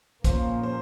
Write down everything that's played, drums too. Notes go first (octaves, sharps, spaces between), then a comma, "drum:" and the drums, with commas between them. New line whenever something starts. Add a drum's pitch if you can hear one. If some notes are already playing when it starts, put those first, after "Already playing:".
A#2 F3 A#3 C#4 C5, drum: kick, hi-hat
C5